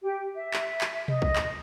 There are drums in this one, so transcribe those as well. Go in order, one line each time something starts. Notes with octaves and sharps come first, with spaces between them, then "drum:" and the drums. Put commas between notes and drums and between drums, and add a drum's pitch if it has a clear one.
G4
E5
drum: clap
drum: clap
D#5, drum: tom B2
drum: kick B1
drum: clap